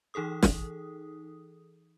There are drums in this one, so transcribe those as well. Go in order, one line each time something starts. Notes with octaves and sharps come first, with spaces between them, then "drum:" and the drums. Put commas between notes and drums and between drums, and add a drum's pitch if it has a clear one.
E3 D#4 G#4 A4 D#6
drum: snare